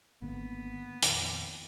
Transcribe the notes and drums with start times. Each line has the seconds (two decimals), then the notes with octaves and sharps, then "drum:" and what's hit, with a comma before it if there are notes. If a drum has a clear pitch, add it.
0.22 G#1 D3 A#3 B3
1.02 F2 A#2 D#3, drum: hi-hat